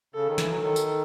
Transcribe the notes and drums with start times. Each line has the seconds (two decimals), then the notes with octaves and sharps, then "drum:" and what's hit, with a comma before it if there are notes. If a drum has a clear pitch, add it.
0.14 C#3 A4
0.26 D#3
0.38 E3, drum: snare
0.49 F#3
0.61 D#3 A4
0.76 drum: tambourine